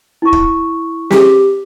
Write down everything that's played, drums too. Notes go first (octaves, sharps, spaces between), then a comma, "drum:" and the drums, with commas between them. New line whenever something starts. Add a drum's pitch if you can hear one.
E4 C#6
drum: kick
G4, drum: snare